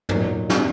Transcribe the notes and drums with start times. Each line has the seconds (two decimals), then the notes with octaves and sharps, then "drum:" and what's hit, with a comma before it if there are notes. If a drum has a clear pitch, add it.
0.09 A#2 F#3 A#3 D#4, drum: tom
0.49 D3 G3 C4, drum: snare